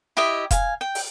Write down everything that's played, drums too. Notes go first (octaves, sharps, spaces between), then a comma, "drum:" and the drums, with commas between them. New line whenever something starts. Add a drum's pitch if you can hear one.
E4 G4 D#5 E5
F5 G#5, drum: kick F1, hi-hat
G5
drum: open hi-hat